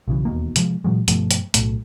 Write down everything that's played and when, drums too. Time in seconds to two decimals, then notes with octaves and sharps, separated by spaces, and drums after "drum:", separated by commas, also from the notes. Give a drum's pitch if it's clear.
0.08 B1 C#3 E3
0.25 E1 D#2 B2 A#3
0.56 C3 F3 G#3, drum: hi-hat
0.84 A#2 E3 F#3 G#3
1.08 G2 B2 F3 A3, drum: hi-hat
1.31 drum: hi-hat
1.54 B1 A2 A3, drum: hi-hat